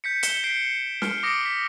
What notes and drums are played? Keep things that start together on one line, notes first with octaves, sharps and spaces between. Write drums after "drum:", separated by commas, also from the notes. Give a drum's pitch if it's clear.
G6 B6 C#7
C#7 E7 G7, drum: hi-hat
G6 B6 C7 D7
F6, drum: snare
D6 D#6 A#6 C#7 D7
B6